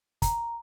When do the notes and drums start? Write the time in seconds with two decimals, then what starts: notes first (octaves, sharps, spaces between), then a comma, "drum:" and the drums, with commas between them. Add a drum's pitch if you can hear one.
0.22 A#5, drum: kick, hi-hat